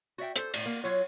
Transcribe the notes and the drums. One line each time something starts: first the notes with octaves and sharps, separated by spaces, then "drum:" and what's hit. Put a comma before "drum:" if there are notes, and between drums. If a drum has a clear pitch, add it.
F#4 D5 E5 G5
A4 C5, drum: hi-hat
A2 D5, drum: cymbal
A#3
F#3 F4 C#5